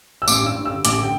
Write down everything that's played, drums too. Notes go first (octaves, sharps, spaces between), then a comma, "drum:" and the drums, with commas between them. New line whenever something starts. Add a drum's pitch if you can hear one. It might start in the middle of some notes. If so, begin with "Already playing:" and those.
E6
A1 D6, drum: tambourine
G2
E6
G2
D3 E6
A1 D6, drum: hi-hat
D3
G5